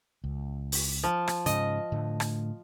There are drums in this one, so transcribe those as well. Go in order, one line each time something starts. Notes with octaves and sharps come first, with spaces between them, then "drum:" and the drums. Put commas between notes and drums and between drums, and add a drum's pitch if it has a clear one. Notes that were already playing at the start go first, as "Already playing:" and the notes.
C#2
drum: open hi-hat
F3
drum: rim click
G#2 C#3 D#5, drum: hi-hat
A2 D3 A3
drum: rim click